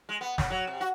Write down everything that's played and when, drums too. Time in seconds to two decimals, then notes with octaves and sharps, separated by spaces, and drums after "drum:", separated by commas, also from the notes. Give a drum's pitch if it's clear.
0.09 G#3
0.21 B3
0.38 C#3, drum: snare
0.50 F#3
0.67 C3
0.81 F#4